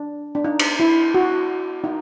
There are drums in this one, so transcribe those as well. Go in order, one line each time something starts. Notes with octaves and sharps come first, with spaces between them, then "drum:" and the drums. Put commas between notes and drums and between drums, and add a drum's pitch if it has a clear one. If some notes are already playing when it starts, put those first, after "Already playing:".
Already playing: D4
D4
D#4
drum: cymbal
E4
F#4
D#4